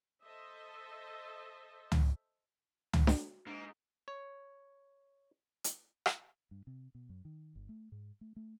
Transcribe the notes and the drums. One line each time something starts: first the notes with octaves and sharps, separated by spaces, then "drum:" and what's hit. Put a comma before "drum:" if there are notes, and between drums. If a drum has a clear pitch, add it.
A4 C5 D#5 E5
drum: tom
drum: tom
F#4, drum: snare D4
G#2 A#3 D4
C#5
drum: hi-hat
drum: rim click
G2
C3
B2
F#2
D#3
G1
A3
G#2
A3
A3